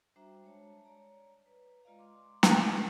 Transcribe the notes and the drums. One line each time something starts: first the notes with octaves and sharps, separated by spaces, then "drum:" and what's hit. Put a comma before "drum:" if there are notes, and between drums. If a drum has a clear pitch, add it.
G3 D4 F#4 C5 E5 A#5
G#3 C#5 A5
C#5 D5 A#5
B4
G#3 F4 D5 D#5 F5 A#5
C6 D6
drum: snare